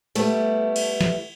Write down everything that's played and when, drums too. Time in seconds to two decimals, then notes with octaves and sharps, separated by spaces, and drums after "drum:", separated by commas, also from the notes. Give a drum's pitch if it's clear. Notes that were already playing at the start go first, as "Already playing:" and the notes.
0.15 G3 A3 B3 E4, drum: open hi-hat
0.76 drum: cymbal
1.01 drum: snare